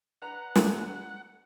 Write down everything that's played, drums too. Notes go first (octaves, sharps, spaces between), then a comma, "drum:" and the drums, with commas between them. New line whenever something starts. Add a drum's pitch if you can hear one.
D4 B4 F#5 A#5
drum: snare